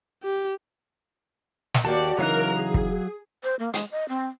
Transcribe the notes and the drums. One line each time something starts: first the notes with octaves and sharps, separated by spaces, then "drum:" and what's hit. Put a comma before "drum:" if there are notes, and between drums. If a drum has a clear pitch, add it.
G4
drum: snare
D#2 A#3 F#4 G4 D5 G5 A5
C#3 E3 F#3 D#4 A#4 F5 A#5 F#6
G#4
drum: kick
C5
A#3
G#3, drum: hi-hat
D#5
C4